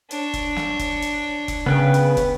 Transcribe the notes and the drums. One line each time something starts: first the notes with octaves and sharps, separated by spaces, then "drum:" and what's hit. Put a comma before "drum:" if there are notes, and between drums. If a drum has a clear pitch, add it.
D4 C#5, drum: hi-hat
drum: kick, hi-hat
drum: snare
drum: kick, hi-hat
drum: hi-hat
drum: kick, hi-hat
C#3 B3 B4 G5
drum: hi-hat
drum: kick, hi-hat